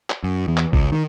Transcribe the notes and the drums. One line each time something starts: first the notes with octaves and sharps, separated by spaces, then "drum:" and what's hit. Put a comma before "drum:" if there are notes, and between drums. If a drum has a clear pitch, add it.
drum: clap
F#2
E2
drum: clap
C#2, drum: kick G#1
D#3